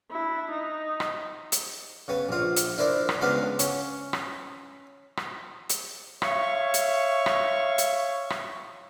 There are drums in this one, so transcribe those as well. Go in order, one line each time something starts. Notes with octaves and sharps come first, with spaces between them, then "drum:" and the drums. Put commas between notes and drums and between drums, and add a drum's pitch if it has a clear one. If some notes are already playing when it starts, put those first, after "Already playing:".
D4 E4
D#4
drum: rim click
drum: hi-hat
C#3 B3
A#1 F4
drum: hi-hat
D4 E4 A#4 C5 D5
drum: rim click
C#2 G#3 B3 D4 F5
C#4, drum: hi-hat
drum: rim click
drum: rim click
drum: hi-hat
C#5 E5 F5 C#6, drum: rim click
drum: hi-hat
drum: rim click
drum: hi-hat
drum: rim click